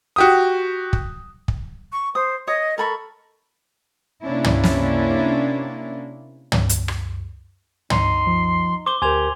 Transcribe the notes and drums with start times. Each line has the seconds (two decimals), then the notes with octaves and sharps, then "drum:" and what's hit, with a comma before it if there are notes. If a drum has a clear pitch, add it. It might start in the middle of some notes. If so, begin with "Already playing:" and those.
0.16 F#4 G4 D#6
0.93 drum: kick
1.48 drum: kick
1.92 C#6
2.15 C5 D#6
2.47 C#5 D#5 D#6
2.78 A4 A#4 B5 C#6
4.23 C3 A#3 C#4 D4 E4
4.44 drum: tom
4.64 drum: snare
6.52 drum: tom
6.69 drum: hi-hat
6.88 drum: rim click
7.90 D#4 C6, drum: tom
8.27 F3
8.86 C5 D6 G7
9.02 D2 G4 A#4 C5 G#5 G#6 F7